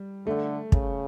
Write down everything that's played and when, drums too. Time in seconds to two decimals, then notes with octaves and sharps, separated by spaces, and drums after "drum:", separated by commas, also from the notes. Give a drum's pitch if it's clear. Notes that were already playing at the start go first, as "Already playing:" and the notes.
Already playing: G3
0.27 D3 A3
0.72 C#3, drum: kick